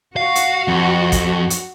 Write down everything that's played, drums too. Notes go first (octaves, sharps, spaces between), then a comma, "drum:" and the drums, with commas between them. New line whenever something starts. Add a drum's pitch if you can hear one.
F#4 F5
drum: hi-hat
F2
drum: kick A1, hi-hat
drum: hi-hat